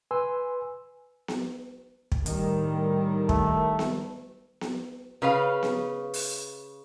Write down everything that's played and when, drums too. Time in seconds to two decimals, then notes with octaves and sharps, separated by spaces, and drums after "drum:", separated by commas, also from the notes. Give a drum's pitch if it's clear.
0.11 B4 G#5 C6 E6
1.28 drum: snare B3
2.12 drum: kick
2.26 A2 D#3 G3, drum: hi-hat
3.29 A3, drum: kick
3.79 drum: snare B3
4.61 drum: snare B3
5.22 C#3 B4 F5
5.63 drum: snare B3
6.14 drum: open hi-hat